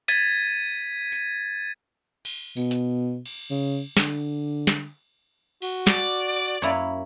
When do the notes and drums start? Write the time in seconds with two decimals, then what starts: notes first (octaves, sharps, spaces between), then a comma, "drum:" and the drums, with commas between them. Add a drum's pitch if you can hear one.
0.08 G#6 A6 B6 D#7, drum: hi-hat
1.12 drum: tambourine
2.25 drum: cymbal
2.57 B2, drum: tambourine
2.71 drum: hi-hat
3.26 drum: cymbal
3.50 C#3
3.97 D3, drum: snare
4.67 drum: snare
5.62 F#4, drum: cymbal
5.87 D5, drum: snare
6.62 F#2 A#3 E4 B4 C#5, drum: open hi-hat